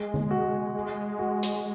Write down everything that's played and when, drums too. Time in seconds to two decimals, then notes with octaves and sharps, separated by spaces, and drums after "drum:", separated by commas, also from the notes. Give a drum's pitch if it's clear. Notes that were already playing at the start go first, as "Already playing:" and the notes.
Already playing: G#3
0.14 drum: tom D3
0.31 F#4
0.75 G#3
1.19 F#4
1.43 drum: hi-hat